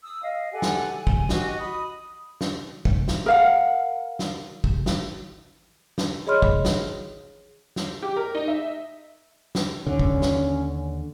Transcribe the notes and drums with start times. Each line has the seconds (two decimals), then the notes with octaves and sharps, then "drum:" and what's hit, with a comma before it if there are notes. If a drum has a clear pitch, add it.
0.03 D#6 E6
0.21 D#5 F5
0.52 G4 A4 F#5 G#5
0.62 drum: snare
0.97 G#5
1.07 drum: kick
1.29 F#4 G4 D#5, drum: snare
1.59 B5 D#6
2.41 drum: snare
2.85 drum: kick
3.08 drum: snare
3.26 A#4 F5 F#5
4.19 drum: snare
4.64 drum: kick
4.86 drum: snare
5.98 drum: snare
6.27 G#4 C#5 D#5 B5 C6 F6
6.42 drum: kick
6.65 drum: snare
7.76 drum: snare
8.02 G4
8.17 A#4
8.35 D#4
8.48 E5
9.55 drum: snare
9.87 D#2 D3 C#4
9.99 drum: kick
10.22 drum: snare